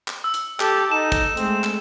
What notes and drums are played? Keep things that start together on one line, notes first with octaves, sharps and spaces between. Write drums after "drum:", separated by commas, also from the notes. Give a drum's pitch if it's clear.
drum: clap
E6
drum: hi-hat
G4 A4 A5, drum: clap
D#4 A4 E7
drum: kick, hi-hat
G#3 A3 C4, drum: hi-hat
drum: clap